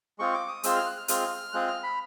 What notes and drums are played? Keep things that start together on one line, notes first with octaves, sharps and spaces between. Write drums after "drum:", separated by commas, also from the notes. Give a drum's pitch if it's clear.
G#3 C4 F4 G#4 C#6
D6
D#6
G#3 C4 F4 G#4 E6, drum: hi-hat
F6
F#6
F6
G#3 C4 F4 G#4 F6, drum: hi-hat
G#3 C4 F4 G#4 F#6
F6
B5